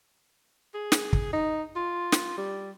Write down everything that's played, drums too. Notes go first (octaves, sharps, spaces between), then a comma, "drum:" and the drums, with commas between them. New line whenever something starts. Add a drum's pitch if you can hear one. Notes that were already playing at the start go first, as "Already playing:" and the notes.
G#4
drum: snare
drum: kick
D#4
F4
drum: snare
G3